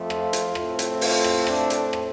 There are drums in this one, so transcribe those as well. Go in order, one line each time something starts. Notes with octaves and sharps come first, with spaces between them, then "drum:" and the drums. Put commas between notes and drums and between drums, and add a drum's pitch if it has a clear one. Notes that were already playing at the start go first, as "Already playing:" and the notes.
Already playing: F2 F3 A3 C4
F4, drum: rim click
drum: hi-hat
A2 A3 C4, drum: rim click
drum: hi-hat
F4, drum: open hi-hat
drum: rim click
D4, drum: rim click
drum: hi-hat
drum: rim click